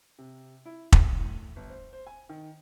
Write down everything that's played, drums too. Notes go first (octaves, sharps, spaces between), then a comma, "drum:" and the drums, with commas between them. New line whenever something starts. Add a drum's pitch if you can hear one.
C3
E4
D#7, drum: kick
A2
G1
C5
C5
G#5
D#3